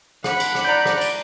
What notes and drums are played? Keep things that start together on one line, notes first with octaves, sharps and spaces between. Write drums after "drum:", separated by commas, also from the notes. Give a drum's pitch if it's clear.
F#5 B5, drum: rim click
drum: cymbal
drum: rim click
D5 A#5 G6
drum: rim click
drum: cymbal